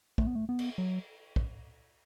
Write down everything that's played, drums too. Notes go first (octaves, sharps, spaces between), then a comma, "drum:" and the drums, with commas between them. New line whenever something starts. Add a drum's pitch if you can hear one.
A3, drum: kick
B3
A3
B3
drum: cymbal
F#3
drum: kick